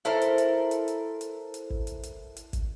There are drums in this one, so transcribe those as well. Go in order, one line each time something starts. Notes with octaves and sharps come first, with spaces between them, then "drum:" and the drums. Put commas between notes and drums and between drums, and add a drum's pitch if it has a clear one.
E4 A4 A#4 C5
drum: hi-hat
drum: hi-hat
drum: hi-hat
drum: hi-hat
drum: hi-hat
drum: hi-hat
drum: kick
drum: hi-hat
drum: hi-hat
drum: hi-hat
drum: kick, hi-hat